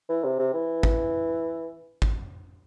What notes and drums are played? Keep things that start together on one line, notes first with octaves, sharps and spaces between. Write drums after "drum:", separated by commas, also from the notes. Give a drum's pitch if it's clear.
E3
C3
C3
E3
drum: kick
drum: kick